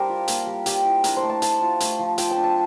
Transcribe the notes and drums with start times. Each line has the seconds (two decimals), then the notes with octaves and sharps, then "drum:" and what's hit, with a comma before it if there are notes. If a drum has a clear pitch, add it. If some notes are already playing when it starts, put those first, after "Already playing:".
Already playing: G3 C4 D4 G4 A#4 C5
0.09 F4
0.28 A#3, drum: hi-hat
0.47 G3
0.66 G3 G4, drum: hi-hat
0.85 E4
1.04 D4 A#4, drum: hi-hat
1.17 C5
1.23 A3
1.29 A5
1.42 A3 A5, drum: hi-hat
1.61 F4
1.80 A3, drum: hi-hat
1.99 F3
2.18 F3 G5, drum: hi-hat
2.31 A5
2.37 D4
2.44 A5